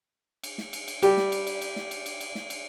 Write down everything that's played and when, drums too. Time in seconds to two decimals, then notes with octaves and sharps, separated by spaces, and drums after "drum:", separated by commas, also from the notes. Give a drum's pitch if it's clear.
0.43 drum: cymbal
0.58 drum: snare
0.73 drum: cymbal
0.88 drum: cymbal
1.03 G3 G4, drum: cymbal
1.17 drum: snare
1.32 drum: cymbal
1.47 drum: cymbal
1.62 drum: cymbal
1.76 drum: snare
1.91 drum: cymbal
2.06 drum: cymbal
2.21 drum: cymbal
2.35 drum: snare
2.50 drum: cymbal